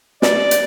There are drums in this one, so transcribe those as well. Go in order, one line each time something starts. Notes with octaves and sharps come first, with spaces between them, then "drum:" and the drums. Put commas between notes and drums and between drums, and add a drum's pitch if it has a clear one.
D5, drum: snare
drum: hi-hat